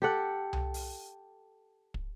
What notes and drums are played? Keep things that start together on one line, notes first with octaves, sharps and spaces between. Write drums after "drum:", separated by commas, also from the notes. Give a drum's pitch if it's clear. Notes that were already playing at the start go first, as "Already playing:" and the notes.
G4 A4 F#5
drum: tom C2
drum: open hi-hat
drum: kick